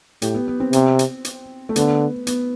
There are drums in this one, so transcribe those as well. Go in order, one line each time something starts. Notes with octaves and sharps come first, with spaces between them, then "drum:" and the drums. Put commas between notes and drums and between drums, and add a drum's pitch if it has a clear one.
A2 G4, drum: hi-hat
B3
B3
C4
C3, drum: hi-hat
drum: hi-hat
drum: hi-hat
A3
D3 B3, drum: hi-hat
B3, drum: hi-hat